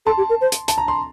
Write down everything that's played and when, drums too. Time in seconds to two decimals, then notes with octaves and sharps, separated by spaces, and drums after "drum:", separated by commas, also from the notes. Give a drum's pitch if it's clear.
0.06 A4 A5 C6
0.17 G4
0.29 A#4
0.41 C5
0.52 drum: hi-hat
0.68 A5, drum: hi-hat
0.78 A#5
0.88 C6